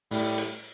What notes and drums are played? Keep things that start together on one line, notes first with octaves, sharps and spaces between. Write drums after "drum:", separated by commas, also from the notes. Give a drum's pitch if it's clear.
A2 G3, drum: open hi-hat
drum: hi-hat